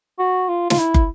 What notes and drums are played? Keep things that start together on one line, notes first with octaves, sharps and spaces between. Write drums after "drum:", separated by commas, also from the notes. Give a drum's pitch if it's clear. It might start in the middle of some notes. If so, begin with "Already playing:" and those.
F#4
F4
F4, drum: snare
E4
drum: kick